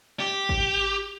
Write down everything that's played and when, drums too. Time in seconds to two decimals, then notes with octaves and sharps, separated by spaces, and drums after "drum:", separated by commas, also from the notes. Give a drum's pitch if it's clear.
0.20 G4
0.49 drum: kick G#1